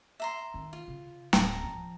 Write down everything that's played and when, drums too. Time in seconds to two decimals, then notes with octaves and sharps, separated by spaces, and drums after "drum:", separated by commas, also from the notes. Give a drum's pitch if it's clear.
0.20 E5 A#5 C6
0.54 D#3 D#4
0.73 F4
0.88 C#3
1.33 D1 B3 G5 A5 A#5, drum: snare
1.64 F3